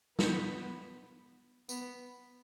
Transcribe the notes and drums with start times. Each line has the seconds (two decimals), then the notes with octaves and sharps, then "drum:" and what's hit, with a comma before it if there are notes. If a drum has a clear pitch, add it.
0.19 B3, drum: snare
1.69 B3, drum: tambourine